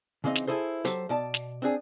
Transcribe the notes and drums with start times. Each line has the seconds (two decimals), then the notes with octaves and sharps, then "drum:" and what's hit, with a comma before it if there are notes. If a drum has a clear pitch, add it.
0.24 C#3 E3 C4 C#4 D#4
0.35 drum: snare
0.47 E4 G#4 A4 C5
0.85 F#3 G4 A4 C5, drum: hi-hat
1.09 B2 D5 A5
1.34 drum: snare
1.62 C4 D4 G#4